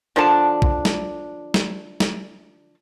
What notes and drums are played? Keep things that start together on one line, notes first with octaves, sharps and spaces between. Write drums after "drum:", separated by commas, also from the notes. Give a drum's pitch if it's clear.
D3 F3 D4 A5
drum: kick
drum: snare
drum: snare
drum: snare